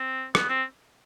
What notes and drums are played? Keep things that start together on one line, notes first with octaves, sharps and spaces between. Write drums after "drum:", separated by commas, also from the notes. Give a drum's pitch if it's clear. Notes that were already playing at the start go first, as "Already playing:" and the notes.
Already playing: C4
B3, drum: rim click
C4